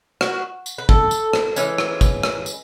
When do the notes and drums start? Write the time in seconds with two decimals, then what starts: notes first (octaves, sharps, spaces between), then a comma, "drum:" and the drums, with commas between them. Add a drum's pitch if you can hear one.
0.21 F#4, drum: rim click
0.66 drum: tambourine
0.78 B4
0.89 A4, drum: kick
1.11 drum: tambourine
1.33 drum: rim click
1.56 E3 G#3 C#4, drum: tambourine
1.78 drum: rim click
2.01 drum: kick, tambourine
2.23 drum: rim click
2.46 drum: tambourine